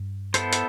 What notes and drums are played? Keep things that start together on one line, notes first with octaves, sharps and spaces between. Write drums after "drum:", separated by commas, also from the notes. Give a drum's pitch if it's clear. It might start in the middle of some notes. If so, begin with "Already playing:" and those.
Already playing: G2
B3 E4 A4 C5, drum: hi-hat
drum: hi-hat